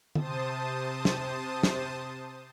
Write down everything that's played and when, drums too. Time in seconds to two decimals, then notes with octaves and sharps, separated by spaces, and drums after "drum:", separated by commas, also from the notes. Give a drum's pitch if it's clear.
0.15 C3 C5 A5 D#6, drum: tom D3
1.05 drum: snare
1.63 drum: snare